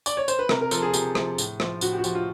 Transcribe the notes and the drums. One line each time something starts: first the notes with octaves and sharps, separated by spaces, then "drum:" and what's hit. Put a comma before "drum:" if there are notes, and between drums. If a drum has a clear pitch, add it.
D5, drum: tambourine
C#5
C5, drum: tambourine
B4
C3 A#4, drum: rim click
A#4
F3 A4, drum: tambourine
G#4
C3 G4, drum: tambourine
F3, drum: rim click
A2, drum: tambourine
F3, drum: rim click
A2 F#4, drum: tambourine
G4
F#4
F3 G4, drum: tambourine
F4